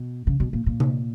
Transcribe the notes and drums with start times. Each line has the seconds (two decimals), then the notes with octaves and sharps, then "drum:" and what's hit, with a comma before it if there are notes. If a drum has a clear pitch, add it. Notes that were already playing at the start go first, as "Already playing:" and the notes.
Already playing: B2
0.27 C#3
0.40 B2
0.53 A#2
0.66 A#2
0.80 drum: tom C3